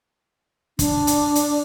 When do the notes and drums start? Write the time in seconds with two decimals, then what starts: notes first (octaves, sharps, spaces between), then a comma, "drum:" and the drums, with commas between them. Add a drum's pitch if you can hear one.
0.79 D4, drum: kick, hi-hat
1.07 drum: hi-hat
1.35 drum: hi-hat